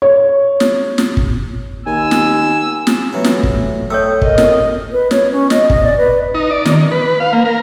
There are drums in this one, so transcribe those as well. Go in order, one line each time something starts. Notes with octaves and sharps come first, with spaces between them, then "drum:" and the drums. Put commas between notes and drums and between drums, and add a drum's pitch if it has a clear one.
C#5
drum: snare
drum: snare
drum: kick
D#2 G#5 E6
drum: snare
drum: snare
E3 F#3 A3
drum: snare
drum: kick
A3 C#5 G5 D#6 E6
A#4 D#5, drum: kick
drum: snare
B4
C#5, drum: snare
C#4
D#5, drum: snare
D#5, drum: kick
D5
B4
D#4
D5
D#3, drum: snare
B4
F5
A#3
A#4